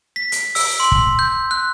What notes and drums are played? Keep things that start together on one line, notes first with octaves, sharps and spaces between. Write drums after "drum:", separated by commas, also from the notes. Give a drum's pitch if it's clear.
B6
drum: hi-hat
E6, drum: open hi-hat
C6
drum: kick
G6
F#6